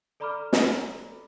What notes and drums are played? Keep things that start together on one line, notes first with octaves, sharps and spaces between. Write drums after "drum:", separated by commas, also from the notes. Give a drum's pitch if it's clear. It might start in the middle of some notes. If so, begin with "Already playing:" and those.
A4 D5 A#5 B5 D6 F6
drum: snare